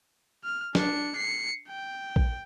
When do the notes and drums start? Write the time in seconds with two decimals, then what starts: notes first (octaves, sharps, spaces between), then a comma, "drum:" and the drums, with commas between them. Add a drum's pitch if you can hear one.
0.44 F6
0.75 D4 C#7, drum: snare
1.16 C7 C#7
1.68 G5
2.16 drum: kick